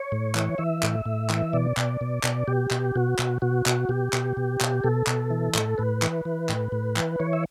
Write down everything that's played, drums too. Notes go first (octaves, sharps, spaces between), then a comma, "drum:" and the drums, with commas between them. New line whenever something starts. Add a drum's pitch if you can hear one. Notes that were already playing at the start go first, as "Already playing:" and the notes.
Already playing: C#5
A2
E3, drum: clap
E3 E5
A2, drum: clap
A2
E3, drum: clap
B2 D5
B2, drum: clap
B2
B2, drum: clap
B2 G4
B2, drum: clap
B2 F#4
B2, drum: clap
B2 F#4
B2, drum: clap
B2 G4
B2, drum: clap
B2
B2, drum: clap
B2 A4
B2, drum: clap
E3
A2, drum: clap
A2 B4
E3, drum: clap
E3
A2, drum: clap
A2
E3, drum: clap
E3 C#5
E5